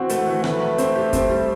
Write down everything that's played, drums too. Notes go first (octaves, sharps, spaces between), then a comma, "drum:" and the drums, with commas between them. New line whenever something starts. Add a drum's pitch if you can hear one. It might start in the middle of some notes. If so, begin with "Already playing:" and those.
Already playing: E3 C4 F#4
A3, drum: hi-hat
E3
A3 B4, drum: rim click
B4
C4, drum: hi-hat
G4
C4, drum: kick, hi-hat
G3